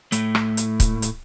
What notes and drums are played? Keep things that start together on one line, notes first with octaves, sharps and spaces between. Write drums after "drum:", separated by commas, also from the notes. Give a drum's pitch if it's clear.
A2 A3, drum: hi-hat
drum: rim click
drum: hi-hat
drum: kick C#1, hi-hat
drum: hi-hat